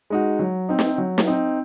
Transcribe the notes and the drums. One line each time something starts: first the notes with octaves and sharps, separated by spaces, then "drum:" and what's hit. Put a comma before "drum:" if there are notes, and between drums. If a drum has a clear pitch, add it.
G#3 D#4 F#4
F#3
C4 D#4
drum: snare
F#3
drum: snare
C4 D#4